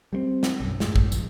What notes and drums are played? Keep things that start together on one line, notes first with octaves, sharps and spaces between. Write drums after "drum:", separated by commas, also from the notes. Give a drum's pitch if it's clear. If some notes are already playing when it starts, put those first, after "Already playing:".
G3 G#3 C4
drum: snare
B1 F#2
F#2 A2 G#3, drum: snare
drum: kick
A#1, drum: tambourine